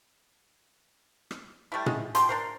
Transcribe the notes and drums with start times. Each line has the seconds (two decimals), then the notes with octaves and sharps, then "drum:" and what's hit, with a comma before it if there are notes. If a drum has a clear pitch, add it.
1.31 drum: rim click
1.72 G3 A3 D4 E4
1.86 G#3, drum: tom
2.15 B2 F3 G4 C6, drum: hi-hat
2.29 D4 A#4 C5